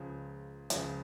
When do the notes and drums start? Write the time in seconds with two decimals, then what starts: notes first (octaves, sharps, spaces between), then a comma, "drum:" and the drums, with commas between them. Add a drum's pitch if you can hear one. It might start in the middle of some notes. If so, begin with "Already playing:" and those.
Already playing: C#2 C#3 F3
0.70 C#2 C#3 F3, drum: hi-hat